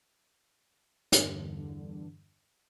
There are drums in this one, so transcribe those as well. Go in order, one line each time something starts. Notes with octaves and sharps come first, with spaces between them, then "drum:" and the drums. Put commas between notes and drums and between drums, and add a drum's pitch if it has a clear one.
E2 G2 D3, drum: hi-hat